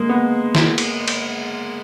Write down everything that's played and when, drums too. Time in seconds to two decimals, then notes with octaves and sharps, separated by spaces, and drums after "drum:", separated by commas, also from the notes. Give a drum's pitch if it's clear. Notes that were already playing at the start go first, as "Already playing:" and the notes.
Already playing: G#3 A#3
0.09 B3
0.55 drum: snare
0.78 drum: cymbal
1.08 drum: cymbal